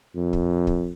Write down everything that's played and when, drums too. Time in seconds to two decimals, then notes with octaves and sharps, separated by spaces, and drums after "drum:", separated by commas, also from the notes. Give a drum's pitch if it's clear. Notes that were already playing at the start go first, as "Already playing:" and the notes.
0.16 F2
0.33 drum: kick
0.67 drum: kick